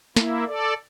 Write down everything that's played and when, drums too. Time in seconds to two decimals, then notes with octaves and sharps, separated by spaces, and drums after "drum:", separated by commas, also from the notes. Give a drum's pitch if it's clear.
0.16 A#3 E4, drum: snare
0.47 A4 D5